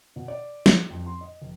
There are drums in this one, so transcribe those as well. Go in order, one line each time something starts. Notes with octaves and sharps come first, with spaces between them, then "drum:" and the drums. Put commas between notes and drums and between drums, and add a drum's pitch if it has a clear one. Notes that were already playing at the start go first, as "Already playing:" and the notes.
B2
D5
drum: snare
F2
C6
D#5
F1